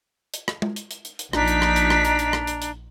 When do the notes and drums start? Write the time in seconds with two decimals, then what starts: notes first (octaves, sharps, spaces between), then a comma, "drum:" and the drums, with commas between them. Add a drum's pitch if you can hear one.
0.34 drum: hi-hat
0.48 drum: rim click
0.62 drum: tom G#3
0.76 drum: hi-hat
0.91 drum: hi-hat
1.05 drum: hi-hat
1.19 drum: hi-hat
1.33 A#1 D4 D#4 A#5 B6, drum: rim click
1.48 drum: hi-hat
1.62 drum: rim click
1.76 drum: hi-hat
1.90 drum: rim click
2.05 drum: hi-hat
2.19 drum: hi-hat
2.33 drum: rim click
2.47 drum: hi-hat
2.62 drum: hi-hat